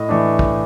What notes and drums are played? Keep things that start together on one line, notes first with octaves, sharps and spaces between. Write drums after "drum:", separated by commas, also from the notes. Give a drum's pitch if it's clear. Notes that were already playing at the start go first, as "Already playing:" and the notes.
Already playing: A2 D#5
E3 A3 D4
drum: kick